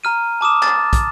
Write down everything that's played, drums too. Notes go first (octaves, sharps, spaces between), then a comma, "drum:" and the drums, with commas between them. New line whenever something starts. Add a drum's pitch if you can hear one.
A#5 F6 D#7
A5 D6 D#6 E7
A6, drum: clap
drum: kick, hi-hat